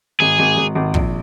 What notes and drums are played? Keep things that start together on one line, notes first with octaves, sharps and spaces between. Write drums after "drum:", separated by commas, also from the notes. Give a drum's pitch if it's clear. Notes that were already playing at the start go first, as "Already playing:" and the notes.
G#1 G#4
G#1
G#1
G#1
A#1, drum: kick